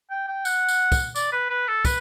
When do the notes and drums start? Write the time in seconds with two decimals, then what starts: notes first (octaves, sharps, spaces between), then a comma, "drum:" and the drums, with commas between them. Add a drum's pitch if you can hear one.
0.10 G5
0.28 G5
0.45 F#5, drum: tambourine
0.69 drum: tambourine
0.92 drum: kick, tambourine
1.16 D5, drum: tambourine
1.32 B4
1.50 B4
1.68 A4
1.85 B4, drum: kick, tambourine